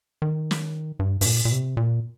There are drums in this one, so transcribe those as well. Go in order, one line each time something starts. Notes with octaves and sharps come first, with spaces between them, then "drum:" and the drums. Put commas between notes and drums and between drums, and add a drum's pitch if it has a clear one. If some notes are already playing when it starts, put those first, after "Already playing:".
D#3
drum: snare
G2
G2, drum: open hi-hat
A#2
A#2
C3
A#2